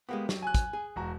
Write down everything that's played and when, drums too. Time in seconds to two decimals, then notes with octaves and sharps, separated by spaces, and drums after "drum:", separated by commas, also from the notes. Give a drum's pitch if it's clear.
0.09 G#3 A#3 B3 G4
0.29 F#3, drum: snare
0.42 G#5 F#6
0.55 drum: kick, hi-hat
0.73 G#4
0.96 E1 F#4 A#5